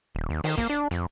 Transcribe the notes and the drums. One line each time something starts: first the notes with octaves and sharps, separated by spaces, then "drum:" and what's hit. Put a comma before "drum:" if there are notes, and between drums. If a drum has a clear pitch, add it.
D#1
D#2
D#3, drum: open hi-hat
A#3, drum: kick, hi-hat
D4
F2, drum: hi-hat